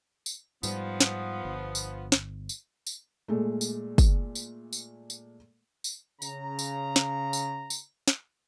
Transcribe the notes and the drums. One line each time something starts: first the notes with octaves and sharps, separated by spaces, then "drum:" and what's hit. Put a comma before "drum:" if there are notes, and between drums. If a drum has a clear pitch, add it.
drum: tambourine
G#2 F3 G3 B3, drum: tambourine
drum: snare
G1
drum: tambourine
drum: snare
drum: tambourine
drum: tambourine
A#2 G#3 A3
drum: tambourine
drum: kick, tambourine
drum: tambourine
drum: tambourine
drum: tambourine
drum: tambourine
C#3 A#5, drum: tambourine
drum: tambourine
drum: snare
drum: tambourine
drum: tambourine
drum: snare